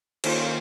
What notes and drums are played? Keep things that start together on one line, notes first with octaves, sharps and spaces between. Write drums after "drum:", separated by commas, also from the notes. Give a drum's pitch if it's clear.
D#3 A#3 C#4 F4 C5, drum: cymbal